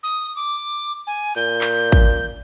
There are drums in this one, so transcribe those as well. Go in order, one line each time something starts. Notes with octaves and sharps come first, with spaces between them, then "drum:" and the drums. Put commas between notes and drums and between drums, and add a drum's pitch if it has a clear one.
D#6
D6
G#5
A#2 G6
drum: clap
drum: kick A1